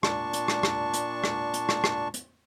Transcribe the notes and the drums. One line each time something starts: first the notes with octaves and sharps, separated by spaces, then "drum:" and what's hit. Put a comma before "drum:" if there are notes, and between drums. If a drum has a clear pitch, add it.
A#2 D4 A5 C#6, drum: rim click
drum: hi-hat
drum: rim click
drum: rim click
drum: hi-hat
drum: rim click
drum: hi-hat
drum: rim click
drum: rim click
drum: hi-hat